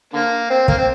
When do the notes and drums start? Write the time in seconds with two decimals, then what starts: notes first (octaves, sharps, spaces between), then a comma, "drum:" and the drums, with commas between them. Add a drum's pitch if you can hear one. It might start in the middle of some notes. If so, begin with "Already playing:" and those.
0.13 D3 A#3
0.50 C4
0.68 A#3, drum: kick
0.78 C4